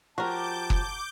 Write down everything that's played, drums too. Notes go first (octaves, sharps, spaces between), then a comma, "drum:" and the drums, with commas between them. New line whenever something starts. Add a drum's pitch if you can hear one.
F3 F#4 G4 A#4 A5 D6 G6
drum: kick F#1